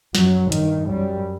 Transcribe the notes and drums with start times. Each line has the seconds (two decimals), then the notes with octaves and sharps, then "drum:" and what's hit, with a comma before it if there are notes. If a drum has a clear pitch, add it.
0.15 F#2 F#3, drum: snare
0.52 G2 D#3, drum: hi-hat
0.89 F#2 G3